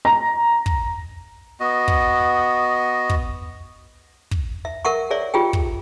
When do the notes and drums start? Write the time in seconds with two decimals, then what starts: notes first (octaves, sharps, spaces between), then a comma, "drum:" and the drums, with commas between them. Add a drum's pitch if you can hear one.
0.05 A#5
0.66 drum: kick
1.60 B3 F#4 D#5
1.88 drum: kick
3.10 drum: kick
4.31 drum: kick
4.65 E5
4.85 A#4 E5 F#5 C#6
5.10 G#4 C#5 D5 E5
5.34 F4 G4 G#4 G5
5.53 drum: kick